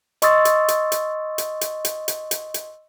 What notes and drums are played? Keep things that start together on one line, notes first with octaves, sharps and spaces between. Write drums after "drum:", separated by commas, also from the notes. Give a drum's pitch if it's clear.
D#5 C6 C#6 D#6 E6 A6, drum: hi-hat
drum: hi-hat
drum: hi-hat
drum: hi-hat
drum: hi-hat
drum: hi-hat
drum: hi-hat
drum: hi-hat
drum: hi-hat
drum: hi-hat